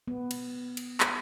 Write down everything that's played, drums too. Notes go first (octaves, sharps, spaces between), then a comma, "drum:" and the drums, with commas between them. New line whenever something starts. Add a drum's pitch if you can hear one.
B3
drum: cymbal
drum: cymbal
drum: clap